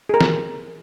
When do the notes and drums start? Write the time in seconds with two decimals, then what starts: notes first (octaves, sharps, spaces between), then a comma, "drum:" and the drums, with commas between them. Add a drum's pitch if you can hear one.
0.09 G#4 A#4
0.21 drum: snare